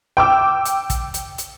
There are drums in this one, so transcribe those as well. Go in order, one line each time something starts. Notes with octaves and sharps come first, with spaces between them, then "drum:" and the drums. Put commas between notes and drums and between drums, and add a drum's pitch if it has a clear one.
G5 D6 E6
drum: hi-hat
drum: kick, hi-hat
drum: hi-hat
drum: hi-hat